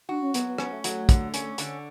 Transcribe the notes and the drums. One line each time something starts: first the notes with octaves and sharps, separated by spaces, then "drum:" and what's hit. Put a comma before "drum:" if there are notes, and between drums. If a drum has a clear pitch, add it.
D4 F#4
C#4
F#3 B3, drum: hi-hat
B3
B3 C#4, drum: rim click
A3
F#3, drum: hi-hat
D3, drum: kick, hi-hat
C#4, drum: hi-hat
D3, drum: hi-hat